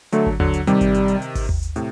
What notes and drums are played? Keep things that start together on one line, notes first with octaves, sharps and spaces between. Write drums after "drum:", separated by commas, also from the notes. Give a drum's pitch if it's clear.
D3 F#3 A3, drum: hi-hat
drum: kick G#1
D3 F#3, drum: tom D#2
drum: hi-hat
C3 D#3 G3, drum: hi-hat
drum: kick G#1, hi-hat
drum: hi-hat
drum: hi-hat
drum: hi-hat
drum: kick G#1, open hi-hat
drum: tom D#2
drum: hi-hat
A2 C3, drum: hi-hat